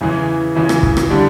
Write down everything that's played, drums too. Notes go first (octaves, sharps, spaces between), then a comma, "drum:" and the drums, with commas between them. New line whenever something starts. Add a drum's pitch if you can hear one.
E2 C#3 E3
E2 C#3 E3
drum: rim click
drum: kick
drum: rim click
D3 G3 D4